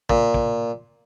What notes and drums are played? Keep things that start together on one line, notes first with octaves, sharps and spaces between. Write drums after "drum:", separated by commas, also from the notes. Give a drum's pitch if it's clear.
A#2, drum: kick
drum: kick